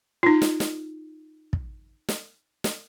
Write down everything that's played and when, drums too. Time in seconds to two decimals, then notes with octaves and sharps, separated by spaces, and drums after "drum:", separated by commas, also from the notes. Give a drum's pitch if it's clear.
0.23 D#4 F4
0.42 drum: snare
0.60 drum: snare
1.53 drum: kick
2.09 drum: snare
2.64 drum: snare